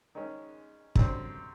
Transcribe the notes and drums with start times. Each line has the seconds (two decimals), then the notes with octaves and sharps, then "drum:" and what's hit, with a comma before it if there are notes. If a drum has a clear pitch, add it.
0.15 D#3 G#3 C#4
0.95 F#2 D3 G3 C4, drum: kick